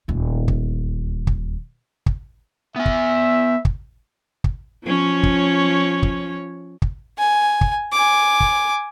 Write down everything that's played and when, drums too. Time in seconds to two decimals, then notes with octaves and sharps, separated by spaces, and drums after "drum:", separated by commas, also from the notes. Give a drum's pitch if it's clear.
0.08 D#1 D2
0.48 drum: kick
1.27 drum: kick
2.06 drum: kick
2.76 B3 E5 G#5
2.86 drum: kick
3.65 drum: kick
4.44 drum: kick
4.84 F3 C#4 C#5
5.23 drum: kick
6.03 drum: kick
6.82 drum: kick
7.18 G#5
7.61 drum: kick
7.92 G#5 D6
8.40 drum: kick